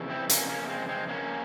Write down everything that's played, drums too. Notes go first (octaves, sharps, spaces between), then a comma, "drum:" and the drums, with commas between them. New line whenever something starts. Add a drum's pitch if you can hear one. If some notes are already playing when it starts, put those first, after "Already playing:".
Already playing: F2 C#3 E3
C4 E4
A#3 C#4, drum: hi-hat
A#3 C#4
A#3
G#3 C4
G#3 C4
A#3 C#4